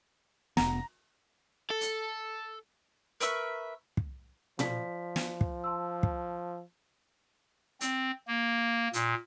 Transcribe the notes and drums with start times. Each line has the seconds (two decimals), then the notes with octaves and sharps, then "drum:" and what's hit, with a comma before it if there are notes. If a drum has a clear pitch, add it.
0.57 F1 B3 A#5, drum: snare
1.70 A4
1.81 drum: hi-hat
3.20 A#4 B4 E5 C#6, drum: hi-hat
3.97 drum: kick
4.59 F3 D5 B6, drum: tom A#2
5.16 drum: snare
5.41 drum: kick
5.64 A5 C6 E6
6.03 drum: kick
7.81 C4, drum: hi-hat
8.28 A#3
8.93 A#2, drum: hi-hat